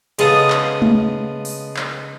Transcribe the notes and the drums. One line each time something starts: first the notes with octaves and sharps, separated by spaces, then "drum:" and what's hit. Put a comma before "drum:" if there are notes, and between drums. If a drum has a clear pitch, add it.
C#3 G#3 B3 A4 F5 D#6, drum: hi-hat
drum: clap
drum: tom G#3
drum: open hi-hat
drum: clap